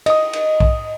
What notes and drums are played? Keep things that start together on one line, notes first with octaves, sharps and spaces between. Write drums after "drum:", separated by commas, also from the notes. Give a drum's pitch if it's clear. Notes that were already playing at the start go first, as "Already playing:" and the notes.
D#5 D#6, drum: cymbal
drum: cymbal
drum: kick